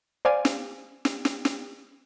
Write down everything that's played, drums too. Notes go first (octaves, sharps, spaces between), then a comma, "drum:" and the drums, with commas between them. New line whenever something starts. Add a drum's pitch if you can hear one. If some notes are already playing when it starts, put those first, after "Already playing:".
C5 D5 F5 G#5
drum: snare
drum: snare
drum: snare
drum: snare